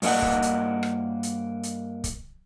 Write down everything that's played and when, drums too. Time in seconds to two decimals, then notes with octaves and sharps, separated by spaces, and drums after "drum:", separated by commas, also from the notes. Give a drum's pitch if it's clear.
0.02 G2 A#3 D#4 D#5 F#5, drum: open hi-hat
0.22 drum: kick
0.42 drum: hi-hat
0.83 drum: rim click
1.23 drum: hi-hat
1.63 drum: hi-hat
2.04 drum: kick, hi-hat